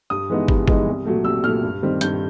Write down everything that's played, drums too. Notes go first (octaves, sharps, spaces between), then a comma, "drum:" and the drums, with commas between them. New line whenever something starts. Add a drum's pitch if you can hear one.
G2 D#6
E3 G#3 B3 D#4
G2, drum: kick
E3 G#3 B3 D#4, drum: kick
C2
A#2 F#3 A3
C2 E6
A#2 F#3 A3 F6
G2
D#3 G3 C4
G2 G6, drum: hi-hat